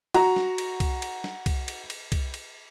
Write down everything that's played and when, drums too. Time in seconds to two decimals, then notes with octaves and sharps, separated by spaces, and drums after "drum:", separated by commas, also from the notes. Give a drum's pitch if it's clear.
0.14 F#4 A#5, drum: cymbal
0.36 drum: snare
0.58 drum: cymbal
0.80 drum: kick C2, cymbal
1.02 drum: cymbal
1.24 drum: snare
1.46 drum: kick C2, cymbal
1.68 drum: cymbal
1.90 drum: cymbal
2.12 drum: kick C2, cymbal
2.34 drum: cymbal